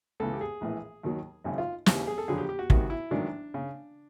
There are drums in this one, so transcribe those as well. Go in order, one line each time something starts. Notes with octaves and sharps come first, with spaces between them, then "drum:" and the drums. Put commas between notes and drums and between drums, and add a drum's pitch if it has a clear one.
C#2 C#3 E3 A4
G4
G#4
A#1 A2 E3
D#2 D#3 F#3
G#1 F#2 C#3
F4
D#2 C#3 E3 G4, drum: snare
G#4
A4
F2 D3 F#3 G#4
G4
G4
F#4
C#2 C3 D#3 F#4, drum: kick
E4
A1 G#2 D#3 F#3 D4
C#3